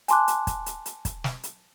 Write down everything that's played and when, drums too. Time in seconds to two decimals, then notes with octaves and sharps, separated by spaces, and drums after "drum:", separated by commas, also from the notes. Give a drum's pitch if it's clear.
0.08 G#5 A5 C6 D6 F#6, drum: hi-hat
0.28 drum: hi-hat
0.47 drum: kick, hi-hat
0.66 drum: hi-hat
0.86 drum: hi-hat
1.05 drum: kick, hi-hat
1.24 drum: snare
1.43 drum: hi-hat